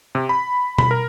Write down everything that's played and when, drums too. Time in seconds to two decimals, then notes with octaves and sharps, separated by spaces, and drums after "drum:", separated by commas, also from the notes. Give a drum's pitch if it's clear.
0.15 C3
0.29 B5
0.78 B5, drum: tom B2
0.91 A#4